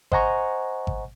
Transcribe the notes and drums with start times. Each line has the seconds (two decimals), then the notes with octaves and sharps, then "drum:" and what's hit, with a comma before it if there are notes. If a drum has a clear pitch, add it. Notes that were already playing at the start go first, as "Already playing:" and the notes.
0.12 C5 D#5 F#5 G#5 A#5 C#6, drum: kick G#1
0.87 drum: kick G#1